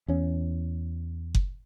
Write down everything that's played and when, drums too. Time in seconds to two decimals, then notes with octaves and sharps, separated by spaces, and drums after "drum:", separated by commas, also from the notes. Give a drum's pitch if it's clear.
0.08 E2 C#4
1.35 drum: kick F#1